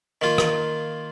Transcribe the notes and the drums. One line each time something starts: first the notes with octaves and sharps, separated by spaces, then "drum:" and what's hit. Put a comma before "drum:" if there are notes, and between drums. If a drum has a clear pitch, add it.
D#3 A#3 F4
drum: rim click